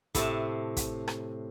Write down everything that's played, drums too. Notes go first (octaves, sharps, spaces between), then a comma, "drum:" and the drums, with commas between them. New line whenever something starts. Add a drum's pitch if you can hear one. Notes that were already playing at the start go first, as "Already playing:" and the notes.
A2 C3 A5, drum: kick, hi-hat
drum: kick, hi-hat
drum: rim click